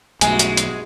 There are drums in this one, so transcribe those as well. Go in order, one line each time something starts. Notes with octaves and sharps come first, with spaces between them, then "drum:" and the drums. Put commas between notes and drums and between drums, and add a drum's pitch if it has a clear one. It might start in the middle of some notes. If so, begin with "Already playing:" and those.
B1 G2 G#3 A3 E4 F#4 G#5, drum: hi-hat
drum: hi-hat
drum: hi-hat